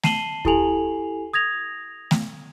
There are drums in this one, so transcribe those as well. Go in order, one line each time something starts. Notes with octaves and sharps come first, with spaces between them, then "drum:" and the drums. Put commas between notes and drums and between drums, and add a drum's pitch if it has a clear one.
A5 C7 D#7 E7 F#7 G7, drum: snare A3
E4 G4 A4 G#5 F7 F#7, drum: kick D2
D#6 G#6 A#6 F7
drum: snare A3